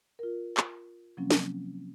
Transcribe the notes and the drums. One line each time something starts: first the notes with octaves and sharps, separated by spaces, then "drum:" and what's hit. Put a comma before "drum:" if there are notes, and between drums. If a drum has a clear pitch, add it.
F4 A#4
drum: clap
C3 F3 F#3 A#3 C4 C#4
drum: snare